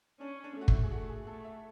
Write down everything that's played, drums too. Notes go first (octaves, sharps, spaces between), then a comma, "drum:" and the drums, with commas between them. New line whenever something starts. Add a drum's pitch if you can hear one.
C#4 D4
D4
A3
F#4
E4, drum: kick
G#4
A3 F#4
G#4
A3 A4
E5